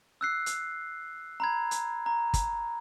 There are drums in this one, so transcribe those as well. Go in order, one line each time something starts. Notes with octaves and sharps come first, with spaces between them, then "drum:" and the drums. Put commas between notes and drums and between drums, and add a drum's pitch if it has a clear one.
E6 F#6 C7
drum: hi-hat
A#5 B5 G#6
drum: hi-hat
A#5
drum: kick, hi-hat